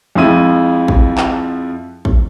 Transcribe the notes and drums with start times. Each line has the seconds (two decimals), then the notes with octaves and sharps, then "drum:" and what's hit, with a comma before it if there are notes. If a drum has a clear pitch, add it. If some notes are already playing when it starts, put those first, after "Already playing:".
0.15 F2 F3 G#3 E4 D#7
0.88 drum: kick
1.18 drum: clap
2.05 drum: kick